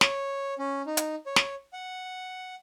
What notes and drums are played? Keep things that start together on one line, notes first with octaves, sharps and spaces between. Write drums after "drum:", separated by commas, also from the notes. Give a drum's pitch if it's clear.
C#5, drum: snare
C#4
D#4
drum: hi-hat
C#5
drum: snare
F#5